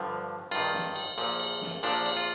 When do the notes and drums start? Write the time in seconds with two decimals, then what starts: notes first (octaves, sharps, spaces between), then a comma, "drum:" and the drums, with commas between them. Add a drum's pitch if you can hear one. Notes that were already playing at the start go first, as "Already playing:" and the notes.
Already playing: G2 D3 F3
0.51 G2 D#3 F4, drum: cymbal
0.74 drum: snare
0.96 drum: cymbal
1.18 A#2 F3, drum: cymbal
1.40 drum: cymbal
1.62 drum: snare
1.83 A#2 F3 D4, drum: cymbal
2.06 drum: cymbal
2.17 F4